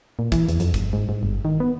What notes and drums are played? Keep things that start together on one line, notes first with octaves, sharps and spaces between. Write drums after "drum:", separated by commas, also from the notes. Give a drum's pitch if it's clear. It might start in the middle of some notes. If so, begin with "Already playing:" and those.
A#2
E3, drum: kick, hi-hat
E2, drum: hi-hat
F2, drum: hi-hat
G1, drum: kick, hi-hat
G#2
G#2
G1
D#3
B3